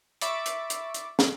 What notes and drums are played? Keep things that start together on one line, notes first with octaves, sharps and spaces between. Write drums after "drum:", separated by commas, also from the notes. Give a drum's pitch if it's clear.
E5 B5 C#6 D6 A6, drum: hi-hat
drum: hi-hat
drum: hi-hat
drum: hi-hat
drum: snare